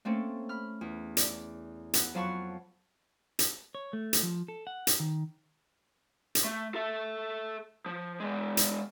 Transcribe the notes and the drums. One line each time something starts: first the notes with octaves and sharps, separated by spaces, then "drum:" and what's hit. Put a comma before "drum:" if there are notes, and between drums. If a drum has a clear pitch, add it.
A3 A#3 C4 C#4 A4
B5 F6
E2
D5, drum: hi-hat
B3, drum: hi-hat
F2 F#3 F5 A5 B5 C#6
drum: hi-hat
C#5
A3
drum: hi-hat
F3
A4
F#5
drum: hi-hat
D#3
drum: hi-hat
A3
A4 E5
F3
E3 G#3
drum: hi-hat